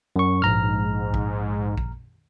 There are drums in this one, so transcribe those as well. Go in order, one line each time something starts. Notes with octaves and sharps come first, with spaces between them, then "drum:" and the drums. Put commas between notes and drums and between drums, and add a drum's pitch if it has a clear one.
F#2 C#6
A#1 G#2 A#5 F6
drum: kick
drum: kick